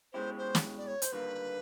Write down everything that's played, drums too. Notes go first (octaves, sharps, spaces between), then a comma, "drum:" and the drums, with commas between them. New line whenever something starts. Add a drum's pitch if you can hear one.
B2 G#3 C#4 E4 G4 C5
C5
drum: snare
D5
C#5
C5, drum: hi-hat
D#2 D3 G3 A#3 B4